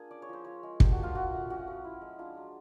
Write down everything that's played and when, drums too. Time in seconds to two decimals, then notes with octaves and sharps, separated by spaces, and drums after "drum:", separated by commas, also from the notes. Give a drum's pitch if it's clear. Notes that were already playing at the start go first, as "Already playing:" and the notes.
Already playing: A#3 D4 F4 G#4
0.11 C#4 D5
0.22 C#5
0.29 F3 C5
0.45 F4 C#5
0.63 G#3
0.80 D4 G4, drum: kick
0.92 F#4
0.98 F3
1.03 F4
1.15 F4 F#4
1.32 A3
1.50 C#4 F#4
1.67 F3
1.84 E4
2.01 G#3
2.19 D4 F4
2.37 F#3